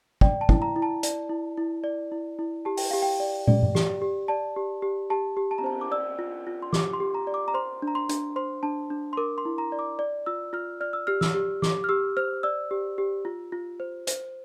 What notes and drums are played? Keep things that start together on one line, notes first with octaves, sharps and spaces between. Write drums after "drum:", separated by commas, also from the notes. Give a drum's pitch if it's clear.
D5 G5, drum: kick
A5
E4, drum: kick
A#5
E4
A5
D5, drum: hi-hat
E4
E4
D5
E4
E4
G4 A5
G5, drum: open hi-hat
G4 F5
G5
D5
D5, drum: tom
drum: tom G2
G4, drum: snare
G4
D5 A5
G4
G4
G4 A5
G4
A5
A#5, drum: cymbal
C5 A5
D6
D5 E6
F4
F4
C6
G4 D6, drum: snare
C6
G4
A#5
D5
D6
A#5
C5 C6
D4
A#5
C6
D4, drum: hi-hat
C5 C6
D4 A5
D4
C6
A#4 D6
C6
E4
A#5
D5
D6
D5
F4 E6
F4 F6
D5 F6
E6
G4 F6
E6, drum: snare
G4
G4 D6, drum: snare
F6
G4 E6
C5 F6
D5 E6
G4
G4
F4
F4
C5
C5, drum: hi-hat